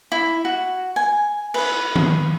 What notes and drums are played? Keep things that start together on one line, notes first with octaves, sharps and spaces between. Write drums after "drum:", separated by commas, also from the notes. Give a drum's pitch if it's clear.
E4
F#4
G#5
B4, drum: cymbal
drum: tom D#3